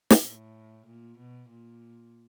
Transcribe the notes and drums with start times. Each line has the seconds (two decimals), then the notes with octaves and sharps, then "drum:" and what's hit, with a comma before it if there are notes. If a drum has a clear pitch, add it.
0.10 drum: snare
0.22 A2
0.87 A#2
1.18 B2
1.50 A#2